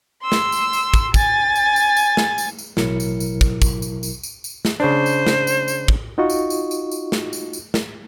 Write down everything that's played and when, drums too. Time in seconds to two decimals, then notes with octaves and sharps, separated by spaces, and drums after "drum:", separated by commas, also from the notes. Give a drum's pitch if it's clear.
0.22 C6 E6
0.32 drum: snare
0.52 drum: tambourine
0.73 drum: tambourine
0.94 drum: kick, tambourine
1.14 G#5 A6, drum: kick, tambourine
1.55 drum: tambourine
1.76 drum: tambourine
1.97 drum: tambourine
2.17 drum: snare
2.38 drum: tambourine
2.59 drum: tambourine
2.77 A1 B2 F#3 E4 A#4 C#7, drum: snare
3.00 drum: tambourine
3.20 drum: tambourine
3.41 drum: kick, tambourine
3.62 drum: kick, tambourine
3.82 drum: tambourine
4.03 drum: tambourine
4.23 drum: tambourine
4.44 drum: tambourine
4.65 drum: snare
4.80 C#3 D4 C5
5.06 drum: tambourine
5.27 drum: snare
5.47 drum: tambourine
5.68 drum: tambourine
5.88 drum: kick
6.18 D#4 F4 F#4 D#5 C#6
6.30 drum: tambourine
6.50 drum: tambourine
6.71 drum: tambourine
6.91 drum: tambourine
7.12 drum: snare
7.33 drum: tambourine
7.53 drum: tambourine
7.74 drum: snare